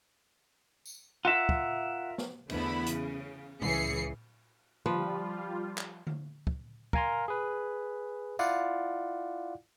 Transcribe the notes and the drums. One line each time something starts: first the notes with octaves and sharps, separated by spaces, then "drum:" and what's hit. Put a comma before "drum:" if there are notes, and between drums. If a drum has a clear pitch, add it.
drum: tambourine
F4 A#4 E5 F#5
drum: kick
drum: snare
E2 D3 A3 B3 E4 B5, drum: cymbal
C#3, drum: hi-hat
C#2 E3 G#4 C7 C#7, drum: tom
F3 G3 F4 B4, drum: tom
drum: clap
drum: tom D3
drum: kick
A#4 F5 G#5 A#5 C6, drum: kick
G#4 B4
E4 F4 D5 F5 F#5, drum: tambourine